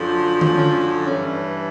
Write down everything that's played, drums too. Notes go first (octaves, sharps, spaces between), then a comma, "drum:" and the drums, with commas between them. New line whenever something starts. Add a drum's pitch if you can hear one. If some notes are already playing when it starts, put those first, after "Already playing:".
Already playing: F#2 D3 F3
drum: tom D3
C#4
G2 E3 C#4